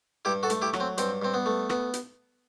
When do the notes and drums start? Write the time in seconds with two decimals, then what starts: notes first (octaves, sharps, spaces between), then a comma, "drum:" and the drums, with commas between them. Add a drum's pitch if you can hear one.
0.25 G2 E4 G4
0.43 F#4 A4
0.50 A3, drum: hi-hat
0.62 E4 G4
0.73 F#3, drum: rim click
0.80 C4
0.98 G2 C4, drum: hi-hat
1.22 G2 C4
1.34 B3
1.46 A3
1.70 B3, drum: rim click
1.94 drum: hi-hat